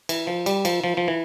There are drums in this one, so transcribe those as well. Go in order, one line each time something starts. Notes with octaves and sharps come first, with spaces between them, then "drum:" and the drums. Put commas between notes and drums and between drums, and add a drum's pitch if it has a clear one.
E3, drum: cymbal
F3
G3, drum: cymbal
F3, drum: cymbal
F3
F3
E3